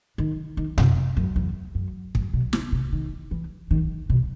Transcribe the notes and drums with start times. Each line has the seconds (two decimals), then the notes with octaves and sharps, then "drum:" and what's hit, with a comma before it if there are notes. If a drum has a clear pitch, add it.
0.18 D#3
0.57 D#3
0.78 C3, drum: tom F#2
1.17 F#2
1.36 E2
1.75 F#2
2.15 F#2, drum: kick
2.33 B2
2.53 D#3, drum: snare
2.72 C3
2.93 D#3
3.31 E3
3.71 D#3
4.10 B2